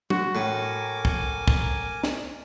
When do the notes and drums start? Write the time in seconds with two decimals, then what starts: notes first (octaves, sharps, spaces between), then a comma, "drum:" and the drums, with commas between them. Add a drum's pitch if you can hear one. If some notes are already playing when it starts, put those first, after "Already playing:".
0.10 G#3 F#4, drum: tom
0.35 A2 A#4 G#5 D6
1.05 drum: kick
1.48 drum: kick
2.03 drum: snare